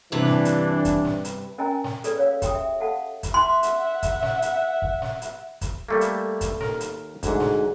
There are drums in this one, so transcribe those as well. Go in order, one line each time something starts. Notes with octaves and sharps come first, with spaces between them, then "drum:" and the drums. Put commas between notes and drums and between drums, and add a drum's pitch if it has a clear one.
G2 C3 E3 D4 B4
drum: snare
drum: hi-hat
drum: kick, hi-hat
drum: snare
drum: hi-hat
C#4 A#4 D#5 G5 G#5 A#5
drum: snare
G#4 A4 B4 D5, drum: hi-hat
C#5 F5 E6
G4 G5 D#6, drum: kick, hi-hat
E5
A4 F5 F#5 A5
drum: kick, hi-hat
E5 F#5 C6
drum: hi-hat
drum: kick, hi-hat
drum: snare
drum: hi-hat
drum: kick
drum: snare
drum: hi-hat
drum: kick, hi-hat
G3 A3 A#3 A4
drum: hi-hat
drum: kick, hi-hat
D#2 A#4, drum: snare
drum: hi-hat
D2 G#2 F#4 G#4, drum: kick, hi-hat
drum: snare